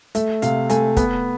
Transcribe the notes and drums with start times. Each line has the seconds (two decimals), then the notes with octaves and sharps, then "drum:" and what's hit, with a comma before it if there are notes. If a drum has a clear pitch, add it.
0.15 A3 E5, drum: hi-hat
0.42 C3 F5, drum: hi-hat
0.70 A3 G#5, drum: hi-hat
0.97 B3, drum: kick, hi-hat